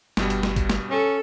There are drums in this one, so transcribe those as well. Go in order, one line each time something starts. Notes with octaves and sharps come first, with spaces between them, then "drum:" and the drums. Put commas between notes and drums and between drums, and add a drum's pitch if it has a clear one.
G1 G2 B2 G3, drum: snare
drum: hi-hat
drum: snare
drum: kick B1, hi-hat
drum: snare
C#4 A4